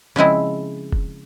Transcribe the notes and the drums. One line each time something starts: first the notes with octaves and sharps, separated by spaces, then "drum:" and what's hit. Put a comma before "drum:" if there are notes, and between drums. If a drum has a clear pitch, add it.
C#3 F3 G#3 C4 E4
drum: kick